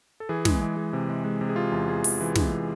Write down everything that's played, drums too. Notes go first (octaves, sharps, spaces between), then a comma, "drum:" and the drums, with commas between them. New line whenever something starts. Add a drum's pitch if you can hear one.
A4
E3 G#4
G#3, drum: snare
E3
G#3
C3
G#3
G#3
C3
G#4
C3 F4
E2
G#3 G#4
E2, drum: open hi-hat
E3
G#3, drum: snare